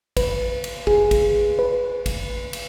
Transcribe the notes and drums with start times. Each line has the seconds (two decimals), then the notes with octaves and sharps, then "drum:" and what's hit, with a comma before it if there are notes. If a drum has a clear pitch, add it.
0.17 B4, drum: kick, cymbal
0.64 drum: cymbal
0.87 G#4, drum: kick
1.11 drum: kick, cymbal
1.59 B4
2.06 drum: kick, cymbal
2.53 drum: cymbal